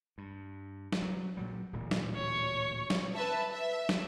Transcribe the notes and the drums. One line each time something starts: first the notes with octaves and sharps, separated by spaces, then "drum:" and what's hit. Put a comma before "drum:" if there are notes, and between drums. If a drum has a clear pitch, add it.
G2
drum: snare
F#3
A#2 F#3 G3
D1 A#2 E3
drum: snare
C#5 C#6
drum: snare
B4 E5 A5
E5
drum: snare